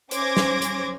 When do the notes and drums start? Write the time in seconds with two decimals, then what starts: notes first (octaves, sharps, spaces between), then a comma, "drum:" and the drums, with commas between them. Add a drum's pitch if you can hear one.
0.11 C#4 C5 D6 G#6 A#6, drum: hi-hat
0.37 drum: snare
0.62 drum: hi-hat